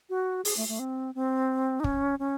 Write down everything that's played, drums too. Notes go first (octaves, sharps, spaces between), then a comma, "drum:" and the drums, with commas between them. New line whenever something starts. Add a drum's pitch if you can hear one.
F#4
G#4, drum: open hi-hat
A3
A3
C4
C4
D#4
C#4, drum: kick
C#4